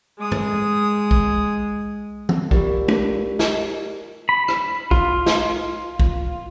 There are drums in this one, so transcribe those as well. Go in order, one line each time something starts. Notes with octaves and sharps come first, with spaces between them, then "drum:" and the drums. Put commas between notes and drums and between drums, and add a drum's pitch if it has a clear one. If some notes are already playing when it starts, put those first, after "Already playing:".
G#3 D#6
drum: tom
drum: kick B1
drum: tom
F4 G4 A#4 D5, drum: kick B1
drum: tom
drum: snare
B5
drum: rim click
F4, drum: kick B1
drum: snare
drum: kick B1